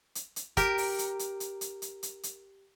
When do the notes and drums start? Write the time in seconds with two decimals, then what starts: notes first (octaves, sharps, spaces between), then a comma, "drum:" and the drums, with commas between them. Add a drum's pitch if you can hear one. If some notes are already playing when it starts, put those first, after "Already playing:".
0.15 drum: hi-hat
0.36 drum: hi-hat
0.57 G4 A#4, drum: kick, hi-hat
0.78 drum: open hi-hat
0.99 drum: hi-hat
1.19 drum: hi-hat
1.40 drum: hi-hat
1.61 drum: hi-hat
1.82 drum: hi-hat
2.03 drum: hi-hat
2.23 drum: hi-hat